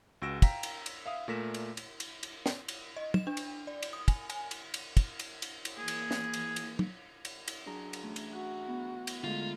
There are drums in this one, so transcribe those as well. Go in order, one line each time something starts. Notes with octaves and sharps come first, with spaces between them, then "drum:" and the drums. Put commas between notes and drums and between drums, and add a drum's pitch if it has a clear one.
C#2 F#4 E6 A#6 D7 E7
F5 G5 A#5 B6, drum: kick, cymbal
drum: cymbal
drum: cymbal
E5 F5 D#6
A#2 A3 A#4 A#6 B6 E7
drum: cymbal
drum: cymbal
drum: cymbal
drum: cymbal
drum: snare
drum: cymbal
D#5
E7, drum: tom
D4
drum: cymbal
D5
drum: cymbal
D#6
G#5, drum: kick, cymbal
G#5, drum: cymbal
drum: cymbal
drum: cymbal
drum: kick, cymbal
drum: cymbal
drum: cymbal
drum: cymbal
E3 A#3 G#4
drum: cymbal
drum: snare
drum: cymbal
drum: cymbal
drum: tom
drum: cymbal
drum: cymbal
F#3 D4 G#4 A#5
drum: cymbal
E3 A3 C#4
drum: cymbal
F#4 F#5
B3
drum: cymbal
D3 G#3 A3 F4 C5 A#5